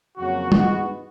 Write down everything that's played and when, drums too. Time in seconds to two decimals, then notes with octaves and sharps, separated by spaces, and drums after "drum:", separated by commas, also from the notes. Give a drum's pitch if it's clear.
0.18 F2 C#3 F#3 A#3 F#4
0.52 G2 E3 G#3 B3 D#4 F#4, drum: tom